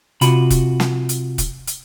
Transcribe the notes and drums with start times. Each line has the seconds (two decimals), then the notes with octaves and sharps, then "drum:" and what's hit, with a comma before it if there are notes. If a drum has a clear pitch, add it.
0.21 C3 F4 F#4 B5, drum: hi-hat
0.50 drum: kick E1, hi-hat
0.80 drum: snare
1.09 drum: hi-hat
1.38 drum: kick E1, hi-hat
1.67 drum: hi-hat